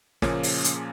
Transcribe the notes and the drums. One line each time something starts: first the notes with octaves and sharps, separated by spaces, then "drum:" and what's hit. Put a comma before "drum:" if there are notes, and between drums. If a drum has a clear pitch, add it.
A#2 C#3 F3 A#3 C#4 G#4, drum: snare
drum: open hi-hat
drum: hi-hat